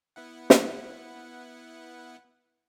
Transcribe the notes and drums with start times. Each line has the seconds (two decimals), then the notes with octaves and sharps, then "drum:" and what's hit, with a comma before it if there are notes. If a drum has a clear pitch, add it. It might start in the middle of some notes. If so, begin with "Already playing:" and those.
0.16 B3 E4 F#5
0.50 drum: snare